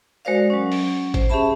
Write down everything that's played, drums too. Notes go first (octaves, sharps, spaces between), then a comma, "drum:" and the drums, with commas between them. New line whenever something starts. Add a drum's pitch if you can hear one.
G#3 F#4 A#4 C5 D5 F5
F#3 C#4
drum: open hi-hat
C5, drum: kick G#1, hi-hat
C#4 G4 G#4 E5 A5 B5